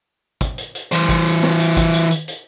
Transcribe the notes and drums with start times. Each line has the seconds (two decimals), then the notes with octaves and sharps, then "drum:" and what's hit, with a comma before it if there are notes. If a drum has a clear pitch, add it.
0.41 drum: kick, hi-hat
0.58 drum: hi-hat
0.75 drum: hi-hat
0.92 E3 C5, drum: hi-hat
1.09 drum: kick, hi-hat
1.26 drum: hi-hat
1.43 drum: snare
1.60 drum: hi-hat
1.77 drum: kick, hi-hat
1.94 drum: hi-hat
2.11 drum: hi-hat
2.28 drum: hi-hat